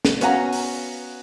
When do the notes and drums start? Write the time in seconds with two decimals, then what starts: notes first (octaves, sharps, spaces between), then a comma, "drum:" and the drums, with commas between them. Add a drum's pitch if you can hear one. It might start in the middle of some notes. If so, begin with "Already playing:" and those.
0.05 drum: snare
0.21 B3 C#4 F#4 F5 F#5 A#5, drum: hi-hat
0.52 drum: open hi-hat